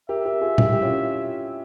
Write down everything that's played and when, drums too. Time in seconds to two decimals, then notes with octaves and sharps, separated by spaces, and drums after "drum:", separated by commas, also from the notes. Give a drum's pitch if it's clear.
0.09 G4 A#4 E5
0.25 G4 A#4
0.41 F4 G#4
0.58 E4 G4, drum: tom A#2
0.72 G4
0.82 C#4 F4